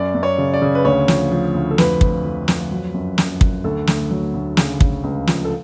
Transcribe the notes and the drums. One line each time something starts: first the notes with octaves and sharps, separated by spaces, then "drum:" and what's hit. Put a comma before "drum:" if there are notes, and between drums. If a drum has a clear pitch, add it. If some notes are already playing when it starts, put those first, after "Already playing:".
Already playing: F#2 D5
F#2
C#5
C#3
D5
C#3
B4
D2 C#5
F3, drum: snare
F3
D2
A4
F2 B4, drum: snare
F3, drum: kick
F3
F2, drum: snare
F#3
F#2
F#2, drum: snare
F#2, drum: kick
D2 A4
D2, drum: snare
F#3
D2
C#3, drum: snare
C#3, drum: kick
C#2
F3, drum: snare
A4